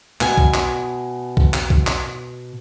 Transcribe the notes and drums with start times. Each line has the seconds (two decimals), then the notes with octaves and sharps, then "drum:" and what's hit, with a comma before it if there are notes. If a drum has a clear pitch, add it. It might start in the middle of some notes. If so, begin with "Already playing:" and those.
0.21 B2 G#5, drum: clap
0.37 drum: kick B1
0.54 drum: clap
1.37 drum: kick B1
1.54 drum: clap
1.70 drum: kick B1
1.87 drum: clap